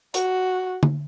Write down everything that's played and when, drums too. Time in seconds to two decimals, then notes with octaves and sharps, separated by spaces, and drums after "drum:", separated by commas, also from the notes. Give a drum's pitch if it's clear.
0.14 F#4, drum: hi-hat
0.83 drum: tom D3